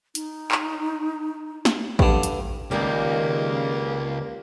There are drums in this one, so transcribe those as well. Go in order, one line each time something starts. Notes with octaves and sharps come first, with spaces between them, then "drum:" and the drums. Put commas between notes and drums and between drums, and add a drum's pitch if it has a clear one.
D#4, drum: hi-hat
drum: clap
drum: snare
G2 D3, drum: kick
drum: hi-hat
C#2 D#3 G3 A#3 C4 C#4 D#4